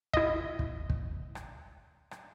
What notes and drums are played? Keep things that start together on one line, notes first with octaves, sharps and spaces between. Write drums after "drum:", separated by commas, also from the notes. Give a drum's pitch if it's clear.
E4 D#5, drum: kick
drum: kick
drum: kick
drum: rim click
drum: rim click